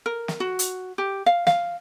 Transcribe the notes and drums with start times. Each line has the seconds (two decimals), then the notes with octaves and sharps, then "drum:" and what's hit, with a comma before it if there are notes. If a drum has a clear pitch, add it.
0.06 A#4
0.28 drum: snare
0.40 F#4
0.59 drum: hi-hat
0.98 G4
1.26 F5
1.47 F5, drum: snare